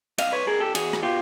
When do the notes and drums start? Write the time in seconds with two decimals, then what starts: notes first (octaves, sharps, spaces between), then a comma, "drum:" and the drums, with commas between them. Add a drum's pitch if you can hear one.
0.18 C2 D#5 F5, drum: cymbal
0.32 B4 C#5
0.47 C2 G#4 A#4
0.60 G4 A4
0.75 E2 F#4 G#4, drum: cymbal
0.93 drum: rim click
1.02 B2 F4 G4